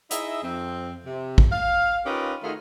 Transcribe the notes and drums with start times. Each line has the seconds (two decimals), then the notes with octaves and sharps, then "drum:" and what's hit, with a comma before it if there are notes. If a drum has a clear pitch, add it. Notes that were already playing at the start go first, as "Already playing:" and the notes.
0.11 D#4 E4 G#4 D#5 E5, drum: hi-hat
0.43 F2 C4
1.06 C3
1.38 drum: kick
1.52 F5
2.06 C#4 D#4 F4 G4 A#4 B4
2.43 D#3 A3 D#4 F4 F#4 G#4